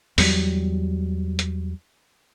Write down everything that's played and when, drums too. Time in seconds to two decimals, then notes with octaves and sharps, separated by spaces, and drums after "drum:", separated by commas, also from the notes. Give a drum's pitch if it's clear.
0.18 E2 F#3 G3, drum: open hi-hat
1.39 drum: hi-hat